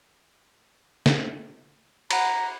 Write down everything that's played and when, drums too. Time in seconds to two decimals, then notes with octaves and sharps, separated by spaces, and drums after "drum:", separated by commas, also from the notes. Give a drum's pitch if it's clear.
1.06 drum: snare
2.11 F#5 A#5 B5, drum: cymbal